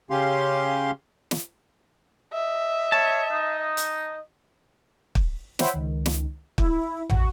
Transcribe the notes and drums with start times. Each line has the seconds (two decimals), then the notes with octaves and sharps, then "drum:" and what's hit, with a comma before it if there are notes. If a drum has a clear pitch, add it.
0.10 C#3 C#4 G4 F5 C6
1.31 drum: snare
2.33 D#5 E5
2.92 C#5 A5
3.31 D#4
3.77 drum: hi-hat
5.15 drum: kick
5.59 C5 C#5 E5 F#5 G5 B5, drum: snare
5.73 C#2 D#3
6.06 drum: snare
6.58 E4, drum: kick
7.09 F#4, drum: tom